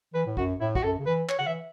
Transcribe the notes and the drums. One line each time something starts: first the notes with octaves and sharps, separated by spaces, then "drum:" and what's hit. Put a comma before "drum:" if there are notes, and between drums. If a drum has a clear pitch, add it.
E3 B4
A2
F#2 F#4, drum: kick
A2 E4
F#4, drum: kick
F#2 A4
C#3
E3 B4
C#5, drum: clap
C#3 F#5
E3 E5